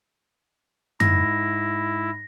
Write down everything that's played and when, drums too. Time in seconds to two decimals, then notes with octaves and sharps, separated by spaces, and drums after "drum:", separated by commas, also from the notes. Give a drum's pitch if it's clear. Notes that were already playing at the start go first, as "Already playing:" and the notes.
1.00 G#2 E4 A#6, drum: tom F#2